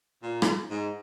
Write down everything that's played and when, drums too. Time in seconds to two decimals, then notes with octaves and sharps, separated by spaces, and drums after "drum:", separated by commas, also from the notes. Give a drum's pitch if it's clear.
0.23 A#2
0.42 drum: rim click
0.70 G#2